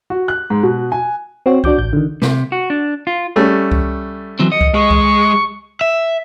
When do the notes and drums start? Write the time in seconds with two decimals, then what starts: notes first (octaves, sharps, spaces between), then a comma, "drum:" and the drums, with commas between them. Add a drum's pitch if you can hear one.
0.10 F#4
0.28 F#6
0.50 G#2
0.63 B2
0.92 G#5
1.46 C4 F#4 C#5
1.64 D4 F#4 D6 G6, drum: kick C2
1.78 A1 G6
1.93 D3 D#3
2.22 C3, drum: snare
2.52 F#4
2.70 D4
3.07 F4
3.36 G3 A3 C#4
3.72 drum: kick C2
4.39 E3 F#3 C4
4.52 D#5 C#7
4.61 drum: kick C2
4.74 G#3 C#6
4.91 drum: kick C2
5.81 E5